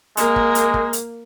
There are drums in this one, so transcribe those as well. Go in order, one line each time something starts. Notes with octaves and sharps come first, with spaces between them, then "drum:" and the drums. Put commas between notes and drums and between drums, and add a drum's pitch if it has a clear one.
G#3 A#3, drum: hi-hat
drum: kick
drum: hi-hat
drum: kick
drum: hi-hat